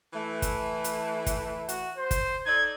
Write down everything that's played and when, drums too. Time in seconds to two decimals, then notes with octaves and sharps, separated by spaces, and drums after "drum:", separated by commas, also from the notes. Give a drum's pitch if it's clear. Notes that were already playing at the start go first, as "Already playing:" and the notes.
0.13 E3 A3
0.42 drum: kick, hi-hat
0.84 drum: hi-hat
1.26 drum: kick, hi-hat
1.69 F#4, drum: hi-hat
1.97 C5
2.11 drum: kick, hi-hat
2.46 D#4 A4 D5 G#6